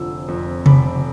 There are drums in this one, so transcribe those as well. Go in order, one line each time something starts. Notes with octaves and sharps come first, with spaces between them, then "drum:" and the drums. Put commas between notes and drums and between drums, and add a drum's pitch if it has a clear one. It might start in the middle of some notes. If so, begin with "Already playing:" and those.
Already playing: F1 D3 F3 E6
F2
F1 B5 D6, drum: tom C3